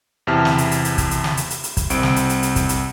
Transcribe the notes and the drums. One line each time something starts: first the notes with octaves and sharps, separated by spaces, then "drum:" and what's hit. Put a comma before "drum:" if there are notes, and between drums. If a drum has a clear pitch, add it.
E2 C3 E4 A5 F6
drum: snare
drum: hi-hat
drum: hi-hat
drum: hi-hat
drum: kick, hi-hat
drum: hi-hat
drum: snare
drum: hi-hat
drum: hi-hat
drum: hi-hat
drum: kick, hi-hat
C2 C4 D7, drum: hi-hat
drum: snare
drum: hi-hat
drum: hi-hat
drum: hi-hat
drum: kick, hi-hat
drum: hi-hat